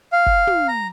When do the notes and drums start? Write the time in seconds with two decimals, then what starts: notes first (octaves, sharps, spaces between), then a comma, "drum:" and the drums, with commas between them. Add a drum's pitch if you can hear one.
0.12 F5
0.26 drum: kick
0.47 drum: tom
0.68 A#5